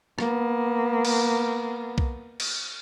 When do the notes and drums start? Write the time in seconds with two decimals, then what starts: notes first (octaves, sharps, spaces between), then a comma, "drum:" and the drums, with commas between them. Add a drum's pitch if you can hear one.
0.19 A#3 B3, drum: rim click
1.05 drum: cymbal
1.98 drum: kick B1
2.40 drum: cymbal